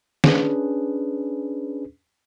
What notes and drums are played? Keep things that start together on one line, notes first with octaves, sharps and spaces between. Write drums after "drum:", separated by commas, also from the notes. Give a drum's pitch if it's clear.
C#4 D4 G#4 B4, drum: snare